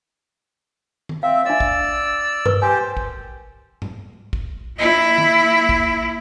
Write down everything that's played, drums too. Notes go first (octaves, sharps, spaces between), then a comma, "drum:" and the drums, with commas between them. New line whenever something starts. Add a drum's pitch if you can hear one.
drum: tom D#3
C4 E5 F5
D4 D5 E5 E6
drum: kick
A#4 B4 C#6, drum: tom G2
G4 C5 G#5
drum: kick
drum: tom G#2
drum: kick
A#3 E4
drum: tom D#3
drum: kick